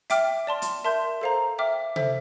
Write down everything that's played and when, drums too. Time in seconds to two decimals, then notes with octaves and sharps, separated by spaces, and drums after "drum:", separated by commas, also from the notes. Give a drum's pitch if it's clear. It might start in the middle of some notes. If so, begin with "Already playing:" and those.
0.10 E5 G5 D6 F6, drum: hi-hat
0.47 D5 A5 C6
0.62 drum: hi-hat
0.84 A#4 E5 A5 C6 G6
1.21 A4 C5 F5 A#5
1.58 E5 G5 D6 F6
1.96 A4 C5 E5, drum: tom C3